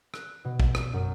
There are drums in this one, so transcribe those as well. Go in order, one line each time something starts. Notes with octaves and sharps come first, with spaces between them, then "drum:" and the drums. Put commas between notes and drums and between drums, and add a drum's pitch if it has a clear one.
F#6, drum: rim click
B2
drum: kick
drum: rim click
F#2